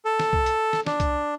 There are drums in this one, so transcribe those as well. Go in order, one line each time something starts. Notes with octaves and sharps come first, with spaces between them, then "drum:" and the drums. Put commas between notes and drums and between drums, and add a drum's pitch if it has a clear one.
A4
drum: snare
drum: kick C2
drum: hi-hat
drum: snare
D4, drum: snare
drum: kick C2, hi-hat